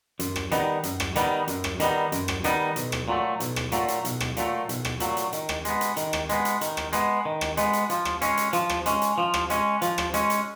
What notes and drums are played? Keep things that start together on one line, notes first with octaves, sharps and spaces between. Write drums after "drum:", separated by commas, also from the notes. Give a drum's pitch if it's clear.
F#2, drum: hi-hat
drum: rim click
D#3 G3 B3 D#4, drum: hi-hat
F#2, drum: hi-hat
drum: rim click
D#3 G3 B3 D#4, drum: hi-hat
F#2, drum: hi-hat
drum: rim click
D#3 G3 B3 D#4, drum: hi-hat
F#2, drum: hi-hat
drum: rim click
D#3 G3 B3 D#4, drum: hi-hat
B1, drum: hi-hat
drum: rim click
A#2 F#3 A3
B1, drum: hi-hat
drum: rim click
A#2 F#3 A3, drum: hi-hat
drum: hi-hat
B1, drum: hi-hat
drum: rim click
A#2 F#3 A3, drum: hi-hat
B1, drum: hi-hat
drum: rim click
A#2 F#3 A3, drum: hi-hat
drum: hi-hat
D#3, drum: hi-hat
drum: rim click
G#3 B3, drum: hi-hat
drum: hi-hat
D#3, drum: hi-hat
drum: rim click
G#3 B3, drum: hi-hat
drum: hi-hat
D#3, drum: hi-hat
drum: rim click
G#3 B3, drum: hi-hat
D#3
drum: rim click
G#3 B3, drum: hi-hat
drum: hi-hat
F3, drum: hi-hat
drum: rim click
G#3 C#4, drum: hi-hat
drum: hi-hat
F3, drum: hi-hat
drum: rim click
G#3 C#4, drum: hi-hat
drum: hi-hat
F3
drum: rim click
G#3 C#4, drum: hi-hat
F3, drum: hi-hat
drum: rim click
G#3 C#4, drum: hi-hat
drum: hi-hat